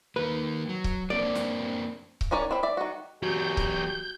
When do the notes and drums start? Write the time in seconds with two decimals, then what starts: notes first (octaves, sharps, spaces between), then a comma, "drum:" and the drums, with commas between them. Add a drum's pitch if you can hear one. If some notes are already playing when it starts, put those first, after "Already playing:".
0.16 D#3 A#3 B4
0.69 F#3
0.84 drum: kick C#1
1.10 A#3 C4 D4 D5
1.35 drum: snare
2.21 drum: kick C#1
2.31 D#3 C#4 A#4 C#5 D5
2.51 C4 E4 E5
2.63 D5 E5
2.77 D#3 F#4
3.23 E2 F#3 F#4 G4 G6
3.57 drum: kick C#1